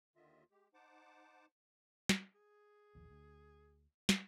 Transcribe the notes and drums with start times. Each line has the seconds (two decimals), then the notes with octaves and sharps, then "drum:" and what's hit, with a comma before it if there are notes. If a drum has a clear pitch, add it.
0.16 D#2 D3 D#3 F4 D#5 E5
0.51 G#3 G4
0.74 D#4 C5 F#5 A5 D6
2.09 drum: snare
2.34 G#4
2.95 E1 A#1 D#2
3.10 D2
4.09 drum: snare